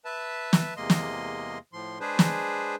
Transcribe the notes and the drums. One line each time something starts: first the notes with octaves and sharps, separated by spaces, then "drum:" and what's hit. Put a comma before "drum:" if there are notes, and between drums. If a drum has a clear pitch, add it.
B4 E5 A5
drum: snare
E2 C3 G#3 A#3 D#5 C6
drum: snare
A2 F3 C6
G#3 D4 G#4 B4 C5
drum: snare